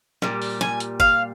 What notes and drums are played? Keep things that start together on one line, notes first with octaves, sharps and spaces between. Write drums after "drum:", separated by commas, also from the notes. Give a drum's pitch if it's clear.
A#2 G3, drum: snare
drum: open hi-hat
G#5, drum: snare
drum: hi-hat
F5, drum: kick F#1